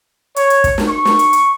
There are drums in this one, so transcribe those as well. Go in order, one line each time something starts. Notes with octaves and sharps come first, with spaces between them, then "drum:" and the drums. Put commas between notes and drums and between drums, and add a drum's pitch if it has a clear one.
C#5, drum: hi-hat
drum: hi-hat
drum: kick, hi-hat
drum: snare
C#6
drum: snare
drum: hi-hat
drum: hi-hat